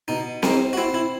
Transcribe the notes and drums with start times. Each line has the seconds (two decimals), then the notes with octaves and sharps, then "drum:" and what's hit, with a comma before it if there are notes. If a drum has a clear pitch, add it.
0.08 B2 D#4
0.43 C4 D#4, drum: snare C4
0.73 F#4
0.77 C4 E4
0.94 E4